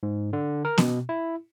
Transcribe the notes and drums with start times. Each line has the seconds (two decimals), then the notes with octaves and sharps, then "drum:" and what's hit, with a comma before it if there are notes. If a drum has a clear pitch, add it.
0.03 G#2
0.33 D3
0.65 A#4
0.78 B2, drum: snare B3
1.09 E4